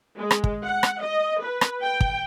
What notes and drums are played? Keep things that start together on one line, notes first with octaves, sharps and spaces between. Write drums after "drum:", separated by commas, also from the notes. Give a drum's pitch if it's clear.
G#3
drum: rim click
drum: kick
F#5
drum: rim click
D#5
B4
drum: rim click
G5
drum: kick